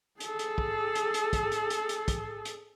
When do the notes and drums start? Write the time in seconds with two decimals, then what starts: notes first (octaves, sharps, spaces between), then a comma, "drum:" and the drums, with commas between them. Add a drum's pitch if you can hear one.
0.20 G#4 A4, drum: hi-hat
0.39 drum: hi-hat
0.58 drum: kick
0.95 drum: hi-hat
1.14 drum: hi-hat
1.33 drum: kick, hi-hat
1.52 drum: hi-hat
1.70 drum: hi-hat
1.89 drum: hi-hat
2.08 drum: kick, hi-hat
2.45 drum: hi-hat